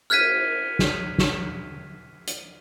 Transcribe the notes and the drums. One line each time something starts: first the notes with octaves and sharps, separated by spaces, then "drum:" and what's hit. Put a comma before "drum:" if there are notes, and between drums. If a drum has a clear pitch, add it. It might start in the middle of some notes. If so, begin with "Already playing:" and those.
F6 F#6 G#6 B6 D#7, drum: cymbal
drum: snare
drum: snare
drum: hi-hat